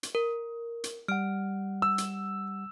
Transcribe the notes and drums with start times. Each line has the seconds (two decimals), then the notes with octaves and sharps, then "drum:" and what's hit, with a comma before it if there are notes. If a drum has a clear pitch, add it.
0.03 drum: hi-hat
0.15 A#4
0.84 drum: hi-hat
1.08 G3 F#5 F6 D7
1.82 E6
1.98 drum: hi-hat